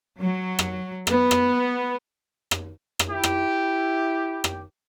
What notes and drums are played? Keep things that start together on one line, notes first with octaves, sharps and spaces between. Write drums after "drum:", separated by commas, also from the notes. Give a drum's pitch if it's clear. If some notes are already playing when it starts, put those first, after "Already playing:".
F#3
drum: rim click
B3, drum: rim click
drum: rim click
drum: rim click
drum: rim click
E4 G4
drum: rim click
drum: rim click